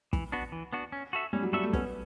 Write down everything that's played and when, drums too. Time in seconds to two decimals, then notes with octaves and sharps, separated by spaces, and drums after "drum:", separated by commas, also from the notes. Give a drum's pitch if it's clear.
0.13 E3, drum: kick
0.32 B3 D4 F#4
0.52 E3
0.73 B3 D4 F#4
0.92 C#4
1.13 F#4 A4 E5
1.33 G3 C#4
1.43 F#3
1.53 G3 F#4 A4 E5
1.63 A3
1.73 B3 C#4, drum: kick